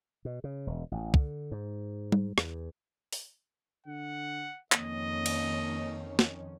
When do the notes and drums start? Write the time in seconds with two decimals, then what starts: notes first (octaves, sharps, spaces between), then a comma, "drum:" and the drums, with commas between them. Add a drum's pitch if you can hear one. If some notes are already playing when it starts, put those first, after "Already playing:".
0.25 B2
0.44 C#3
0.67 E1
0.91 A1
1.14 D3, drum: kick
1.52 G#2
2.12 drum: tom G3
2.38 E2, drum: rim click
3.13 drum: open hi-hat
3.87 D3 F#5
4.72 F2 D#3 A#3 C#4 D#5, drum: clap
5.26 drum: cymbal
6.19 drum: snare